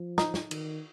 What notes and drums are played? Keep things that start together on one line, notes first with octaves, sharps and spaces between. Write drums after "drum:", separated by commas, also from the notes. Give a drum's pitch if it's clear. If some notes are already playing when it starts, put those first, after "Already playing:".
Already playing: F3
D#4, drum: snare
drum: snare
D#3, drum: cymbal